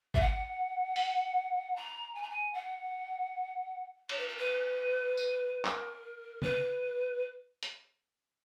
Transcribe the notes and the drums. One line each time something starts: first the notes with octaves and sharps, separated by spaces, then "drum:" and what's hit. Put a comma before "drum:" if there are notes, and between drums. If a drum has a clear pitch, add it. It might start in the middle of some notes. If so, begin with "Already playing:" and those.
E5, drum: kick G#1
F#5
drum: open hi-hat
A#5
G#5
A#5
G#5
F#5
C#5, drum: cymbal
B4
A#4
B4
drum: tambourine
A#4, drum: clap
B4, drum: tom C#3
drum: hi-hat